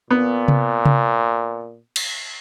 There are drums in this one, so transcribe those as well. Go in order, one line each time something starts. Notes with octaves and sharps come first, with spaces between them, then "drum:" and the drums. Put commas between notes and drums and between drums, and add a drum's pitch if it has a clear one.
A#2 B3
drum: tom C3
drum: tom C3
drum: cymbal